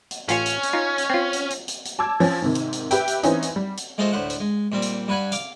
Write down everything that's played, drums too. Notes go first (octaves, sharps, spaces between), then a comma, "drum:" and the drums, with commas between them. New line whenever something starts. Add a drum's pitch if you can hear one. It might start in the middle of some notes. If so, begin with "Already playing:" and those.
drum: hi-hat
A1 C#4 F4 C#5, drum: hi-hat
drum: hi-hat
drum: hi-hat
D#4 F4
drum: hi-hat
C4 F4
drum: hi-hat
drum: hi-hat
drum: hi-hat
drum: hi-hat
A5 D6 E6 G#6
F3 C#4, drum: open hi-hat
G#2 C3 D#3
drum: hi-hat
drum: hi-hat
G4 B4 E5 G5, drum: hi-hat
drum: hi-hat
E3 C4 C#4 D#4, drum: hi-hat
drum: hi-hat
G3
drum: hi-hat
G#3 A3 F4 A4 C5 D#5
D2 A2 C5 F#5
drum: hi-hat
G#3
A#2 G3 C4
drum: hi-hat
G2 B4 F#5 G#5 B5
F5 D6, drum: hi-hat